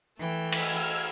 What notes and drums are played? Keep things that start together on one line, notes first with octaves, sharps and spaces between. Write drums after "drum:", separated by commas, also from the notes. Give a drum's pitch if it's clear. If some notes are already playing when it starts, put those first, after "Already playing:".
E3 A3 G5
E6 F6 G#6, drum: cymbal